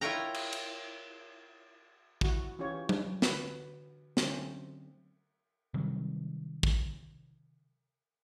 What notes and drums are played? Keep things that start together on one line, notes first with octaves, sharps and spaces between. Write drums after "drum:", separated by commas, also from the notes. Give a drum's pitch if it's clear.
E4 F4 A#4 C#5 G5 A#5
drum: cymbal
drum: cymbal
E4 F#4, drum: kick
E3 C#4 F4 G4 C#5
drum: tom F#3
D3 F#4 B4, drum: snare
D3 F#3 A3 C4 C#4, drum: snare
C3 D#3 F#3 G3
drum: kick